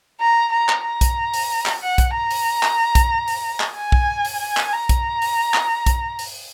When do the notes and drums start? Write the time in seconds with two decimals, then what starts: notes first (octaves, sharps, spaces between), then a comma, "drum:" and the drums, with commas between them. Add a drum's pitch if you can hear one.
0.21 A#5
0.52 A#5
0.69 drum: clap
0.85 A#5
1.01 drum: kick, hi-hat
1.34 drum: open hi-hat
1.66 drum: clap
1.82 F#5
1.98 drum: kick, hi-hat
2.15 A#5
2.31 drum: open hi-hat
2.63 drum: clap
2.95 drum: kick, hi-hat
3.28 drum: open hi-hat
3.60 drum: clap
3.76 G#5
3.92 drum: kick
4.25 drum: open hi-hat
4.41 G#5
4.57 drum: clap
4.73 A#5
4.89 drum: kick, hi-hat
5.22 drum: open hi-hat
5.54 drum: clap
5.86 drum: kick, hi-hat
6.19 drum: open hi-hat